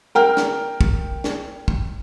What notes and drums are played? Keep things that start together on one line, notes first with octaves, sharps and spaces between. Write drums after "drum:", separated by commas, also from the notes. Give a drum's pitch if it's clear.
A#4 G5 F6
drum: snare
drum: kick
drum: snare
drum: kick